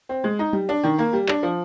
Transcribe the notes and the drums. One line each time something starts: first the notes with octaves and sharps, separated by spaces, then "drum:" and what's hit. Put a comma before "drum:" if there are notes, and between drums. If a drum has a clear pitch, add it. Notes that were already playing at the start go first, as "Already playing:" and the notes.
C4
G#3
D#4
G3, drum: tom F#3
D4
D#3
A#3
G3
D4, drum: clap
F3